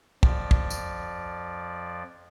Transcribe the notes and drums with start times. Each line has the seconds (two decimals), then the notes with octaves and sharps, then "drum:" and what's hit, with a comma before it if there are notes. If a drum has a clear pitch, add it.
0.23 F2 F3 D5, drum: kick
0.51 drum: kick
0.70 drum: tambourine